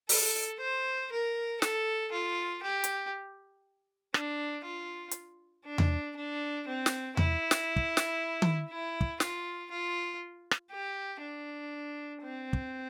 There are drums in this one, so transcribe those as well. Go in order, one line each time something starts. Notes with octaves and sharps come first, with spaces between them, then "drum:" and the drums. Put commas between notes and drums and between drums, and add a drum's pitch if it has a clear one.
A4, drum: open hi-hat
C5
A#4
A4, drum: snare
F4
G4
drum: hi-hat
D4, drum: rim click
F4
drum: hi-hat
D4
drum: tom E2
D4
C4
drum: snare
E4, drum: tom E2
drum: snare
drum: kick
drum: snare
drum: tom D#3
E4
drum: kick
F4, drum: snare
F4
drum: rim click
G4
D4
C4
drum: kick